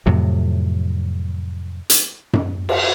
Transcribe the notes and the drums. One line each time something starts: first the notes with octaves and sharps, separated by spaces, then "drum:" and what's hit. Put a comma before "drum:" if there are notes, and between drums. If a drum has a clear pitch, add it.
F2 A2 C3 F#3
drum: hi-hat
drum: tom F#2
drum: cymbal